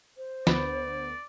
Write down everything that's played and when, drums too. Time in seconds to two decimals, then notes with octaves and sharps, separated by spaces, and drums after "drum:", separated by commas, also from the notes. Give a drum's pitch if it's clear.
0.17 C5
0.47 D2 D3 B3 D5 B5, drum: snare